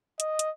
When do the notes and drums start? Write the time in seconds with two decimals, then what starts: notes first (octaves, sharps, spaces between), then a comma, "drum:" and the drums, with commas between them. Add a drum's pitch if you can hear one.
0.20 D#5, drum: hi-hat
0.39 drum: hi-hat